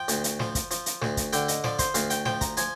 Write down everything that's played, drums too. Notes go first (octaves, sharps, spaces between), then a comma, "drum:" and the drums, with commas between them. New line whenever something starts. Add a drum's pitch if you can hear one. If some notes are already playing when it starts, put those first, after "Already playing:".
Already playing: F3 G5
D2, drum: hi-hat
drum: hi-hat
F3, drum: snare
drum: kick, hi-hat
F3, drum: hi-hat
drum: hi-hat
D2, drum: snare
drum: kick, hi-hat
D3 G5, drum: hi-hat
D#5, drum: hi-hat
F3 D5, drum: snare
C5, drum: kick, hi-hat
D2 F5, drum: hi-hat
G5, drum: hi-hat
F3 G5, drum: snare
A#5, drum: kick, hi-hat
F3 G#5, drum: hi-hat